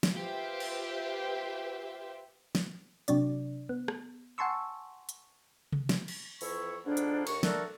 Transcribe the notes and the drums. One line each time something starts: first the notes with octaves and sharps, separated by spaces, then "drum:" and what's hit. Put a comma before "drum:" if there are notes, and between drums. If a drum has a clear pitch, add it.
drum: snare
F4 G4 B4 C5 E5
drum: cymbal
drum: snare
C3 F#3 D4 D5, drum: hi-hat
B3
drum: rim click
F#5 G#5 A5 C6 C#6 E6
drum: hi-hat
drum: tom C3
drum: snare
drum: cymbal
F2 E3 E4 C#6, drum: open hi-hat
F2 G#2 A#3 B3 D4
drum: hi-hat
D#2 C#6, drum: cymbal
A3 D4 F#4 A4 A#4, drum: snare